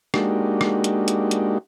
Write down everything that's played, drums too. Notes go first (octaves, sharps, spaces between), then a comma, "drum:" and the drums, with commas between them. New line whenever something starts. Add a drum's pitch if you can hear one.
G#3 A#3 D4 D#4 F#4 G4, drum: rim click
drum: rim click
drum: hi-hat
drum: hi-hat
drum: hi-hat